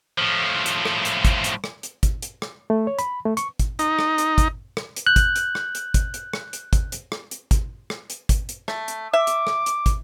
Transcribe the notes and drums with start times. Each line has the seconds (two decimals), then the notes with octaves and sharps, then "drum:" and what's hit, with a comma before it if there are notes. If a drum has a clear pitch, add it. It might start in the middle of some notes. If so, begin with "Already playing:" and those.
0.18 A2 F3
0.66 drum: hi-hat
0.85 drum: rim click
1.05 drum: hi-hat
1.25 drum: kick, hi-hat
1.44 drum: hi-hat
1.64 drum: rim click
1.83 drum: hi-hat
2.03 drum: kick, hi-hat
2.22 drum: hi-hat
2.42 drum: rim click
2.70 A3
2.87 C#5
2.99 B5, drum: hi-hat
3.25 A3
3.37 C#6, drum: hi-hat
3.59 drum: kick, hi-hat
3.79 D#4, drum: hi-hat
3.99 drum: rim click
4.18 drum: hi-hat
4.38 drum: kick, hi-hat
4.77 drum: rim click
4.96 drum: hi-hat
5.07 F#6 G6
5.16 drum: kick, hi-hat
5.36 drum: hi-hat
5.55 drum: rim click
5.75 drum: hi-hat
5.94 drum: kick, hi-hat
6.14 drum: hi-hat
6.34 drum: rim click
6.53 drum: hi-hat
6.73 drum: kick, hi-hat
6.92 drum: hi-hat
7.12 drum: rim click
7.31 drum: hi-hat
7.51 drum: kick, hi-hat
7.90 drum: rim click
8.10 drum: hi-hat
8.29 drum: kick, hi-hat
8.49 drum: hi-hat
8.68 A3, drum: rim click
8.88 drum: hi-hat
9.13 E5 D6
9.27 drum: hi-hat
9.47 drum: rim click
9.66 drum: hi-hat
9.86 drum: kick, hi-hat